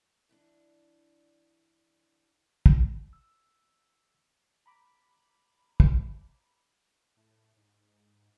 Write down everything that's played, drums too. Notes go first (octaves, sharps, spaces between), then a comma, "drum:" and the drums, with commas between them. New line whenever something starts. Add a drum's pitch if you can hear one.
G2 E3 D4
drum: kick
E6
A#5 B5 D6
drum: kick
A2
G#2